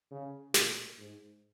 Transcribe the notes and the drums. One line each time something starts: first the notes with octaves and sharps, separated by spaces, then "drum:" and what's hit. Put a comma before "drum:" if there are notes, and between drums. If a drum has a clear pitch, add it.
C#3
A#2, drum: snare
G#2